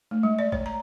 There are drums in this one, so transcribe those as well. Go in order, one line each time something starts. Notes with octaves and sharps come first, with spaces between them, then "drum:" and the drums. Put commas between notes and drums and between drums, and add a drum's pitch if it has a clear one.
A3
G#3
D5
C#5, drum: kick A#1
A#5